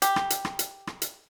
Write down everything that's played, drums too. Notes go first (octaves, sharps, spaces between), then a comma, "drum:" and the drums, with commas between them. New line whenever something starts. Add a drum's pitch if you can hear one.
G4, drum: hi-hat
drum: rim click
drum: hi-hat
drum: rim click
drum: hi-hat
drum: rim click
drum: hi-hat